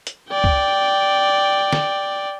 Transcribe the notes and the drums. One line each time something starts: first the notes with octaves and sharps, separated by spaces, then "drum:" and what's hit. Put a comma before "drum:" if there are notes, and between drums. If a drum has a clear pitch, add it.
drum: hi-hat
D5 G5
drum: kick
drum: snare